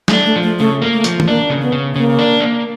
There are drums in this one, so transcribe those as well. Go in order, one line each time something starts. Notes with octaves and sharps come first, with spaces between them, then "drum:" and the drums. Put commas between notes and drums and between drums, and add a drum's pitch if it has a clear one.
A3, drum: snare
D4
A3
F3
A3
C#3 A3
A#3
A3
F3, drum: hi-hat
A3, drum: tom
A#3 D4
C#3
B3
C#3
C#3 A#3
D4
A#3